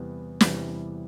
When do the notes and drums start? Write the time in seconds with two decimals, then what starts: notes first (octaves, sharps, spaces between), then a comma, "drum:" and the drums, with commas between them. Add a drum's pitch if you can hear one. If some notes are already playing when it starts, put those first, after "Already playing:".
Already playing: E2 C3 E3 G3 B3
0.41 E2 C3 E3 G3 B3, drum: snare